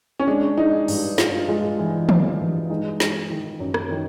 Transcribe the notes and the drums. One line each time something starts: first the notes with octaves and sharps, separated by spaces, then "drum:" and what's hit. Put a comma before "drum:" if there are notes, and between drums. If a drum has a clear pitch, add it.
C#4
G#3 D4
G#3 D#4
G2, drum: open hi-hat
G2 F4, drum: snare
G#3 F4
E3
E3, drum: tom
G2
G#3 D#4
G#3, drum: snare
D#3
F#2
drum: rim click
D#3